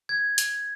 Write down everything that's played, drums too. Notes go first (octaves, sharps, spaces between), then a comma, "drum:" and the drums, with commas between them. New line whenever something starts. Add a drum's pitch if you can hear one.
G#6
drum: hi-hat